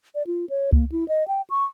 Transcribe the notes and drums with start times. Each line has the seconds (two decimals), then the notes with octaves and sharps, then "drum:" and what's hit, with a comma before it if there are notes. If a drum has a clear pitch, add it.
0.15 D5
0.27 F4
0.50 C#5
0.73 A#3, drum: kick C#2
0.92 E4
1.08 D#5
1.28 G5
1.50 C#6